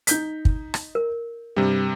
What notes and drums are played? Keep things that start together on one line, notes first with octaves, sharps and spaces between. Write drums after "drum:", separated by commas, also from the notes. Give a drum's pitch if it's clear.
D#4 G6 B6, drum: hi-hat
drum: kick
drum: rim click
A#4
G2 C3 G3